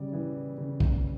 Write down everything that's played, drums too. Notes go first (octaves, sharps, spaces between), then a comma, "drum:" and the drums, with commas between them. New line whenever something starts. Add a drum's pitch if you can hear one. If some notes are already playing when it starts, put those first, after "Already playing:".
Already playing: C#3 G3 D5
E3
C#3
drum: kick